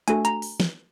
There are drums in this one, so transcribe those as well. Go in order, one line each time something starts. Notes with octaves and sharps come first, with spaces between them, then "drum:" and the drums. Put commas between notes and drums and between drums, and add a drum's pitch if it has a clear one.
A3 D4 F#4 A4 G#5, drum: hi-hat
A#5, drum: hi-hat
drum: open hi-hat
drum: snare